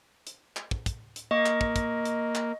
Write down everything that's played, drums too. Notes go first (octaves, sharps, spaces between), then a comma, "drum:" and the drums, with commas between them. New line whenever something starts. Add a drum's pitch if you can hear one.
drum: hi-hat
drum: clap
drum: kick
drum: kick, hi-hat
drum: hi-hat
A#3 D#5 C#6
drum: clap
drum: kick
drum: kick, hi-hat
drum: hi-hat
drum: clap